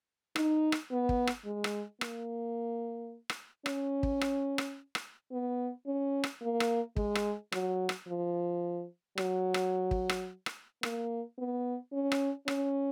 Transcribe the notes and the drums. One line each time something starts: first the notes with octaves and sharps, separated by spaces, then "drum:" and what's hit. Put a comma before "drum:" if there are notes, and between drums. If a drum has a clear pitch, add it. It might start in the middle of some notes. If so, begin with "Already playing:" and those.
D#4, drum: rim click
drum: rim click
B3
drum: kick
drum: rim click
G#3
drum: rim click
A#3, drum: rim click
drum: rim click
C#4, drum: rim click
drum: kick
drum: rim click
drum: rim click
drum: rim click
B3
C#4
drum: rim click
A#3
drum: rim click
G#3, drum: kick
drum: rim click
F#3, drum: rim click
drum: rim click
F3
F#3, drum: rim click
drum: rim click
drum: kick
drum: rim click
drum: rim click
A#3, drum: rim click
B3
C#4
drum: rim click
C#4, drum: rim click